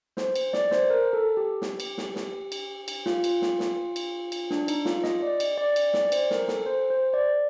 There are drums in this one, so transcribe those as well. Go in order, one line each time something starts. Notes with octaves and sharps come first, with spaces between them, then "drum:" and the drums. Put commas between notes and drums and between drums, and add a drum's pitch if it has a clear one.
C5, drum: snare
drum: cymbal
D5, drum: snare
C5, drum: snare
A#4
A4
G4
drum: snare
drum: cymbal
drum: snare
drum: snare
drum: cymbal
drum: cymbal
F4, drum: snare
drum: cymbal
drum: snare
drum: snare
drum: cymbal
drum: cymbal
D4, drum: snare
D#4, drum: cymbal
F4, drum: snare
D#5, drum: snare
D5
drum: cymbal
D5
drum: cymbal
D5, drum: snare
C5, drum: cymbal
A#4, drum: snare
A4, drum: snare
C5
C5
D5